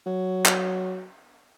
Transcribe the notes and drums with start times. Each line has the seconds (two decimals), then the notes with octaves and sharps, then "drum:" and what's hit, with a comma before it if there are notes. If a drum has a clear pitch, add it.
0.06 F#3
0.46 drum: clap